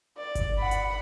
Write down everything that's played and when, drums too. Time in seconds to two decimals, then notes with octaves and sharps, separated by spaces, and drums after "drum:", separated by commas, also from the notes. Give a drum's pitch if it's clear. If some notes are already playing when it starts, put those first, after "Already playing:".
0.17 D5
0.35 drum: kick G1, hi-hat
0.58 F#5 B5
0.71 drum: hi-hat